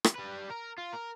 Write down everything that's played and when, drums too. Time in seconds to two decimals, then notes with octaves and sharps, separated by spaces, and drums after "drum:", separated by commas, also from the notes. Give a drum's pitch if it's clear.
0.04 drum: rim click
0.15 G3 B4
0.50 A#4
0.78 F4
0.94 A#4